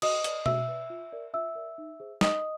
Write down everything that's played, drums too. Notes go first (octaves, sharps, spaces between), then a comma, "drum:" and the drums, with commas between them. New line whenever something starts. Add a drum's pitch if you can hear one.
F#4 D#5 D#6, drum: cymbal
B4 D5, drum: hi-hat
F#4 E5 E6, drum: tom B2
B4 D5
F4
A#4 D5
F4 E5 E6
A#4 D5
D#4
G#4 C5
D#4 D#5 D#6, drum: snare